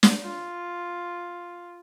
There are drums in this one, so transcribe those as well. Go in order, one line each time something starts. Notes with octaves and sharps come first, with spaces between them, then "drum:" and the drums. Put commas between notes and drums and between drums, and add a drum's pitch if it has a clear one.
drum: snare
F4